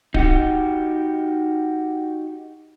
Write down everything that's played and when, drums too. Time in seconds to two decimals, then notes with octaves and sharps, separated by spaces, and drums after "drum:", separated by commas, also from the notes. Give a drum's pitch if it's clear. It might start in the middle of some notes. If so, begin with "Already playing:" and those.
0.14 D#4 F#4 G4, drum: kick D1